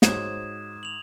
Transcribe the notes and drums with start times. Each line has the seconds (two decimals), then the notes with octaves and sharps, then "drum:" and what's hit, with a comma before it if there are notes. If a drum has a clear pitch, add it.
0.02 G#2 F#4 C5 C#5 D#6 G#6 E7, drum: snare
0.83 F7 F#7